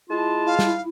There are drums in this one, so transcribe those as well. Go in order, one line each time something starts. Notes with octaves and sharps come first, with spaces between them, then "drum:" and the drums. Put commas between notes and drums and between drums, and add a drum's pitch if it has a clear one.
G#3 E4 F4 A5
F5
drum: snare